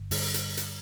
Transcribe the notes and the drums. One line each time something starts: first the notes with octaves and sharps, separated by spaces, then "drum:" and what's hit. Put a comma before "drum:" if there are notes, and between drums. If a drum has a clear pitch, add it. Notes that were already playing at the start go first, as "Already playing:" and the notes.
Already playing: G1
G2 D3, drum: open hi-hat
drum: hi-hat
drum: hi-hat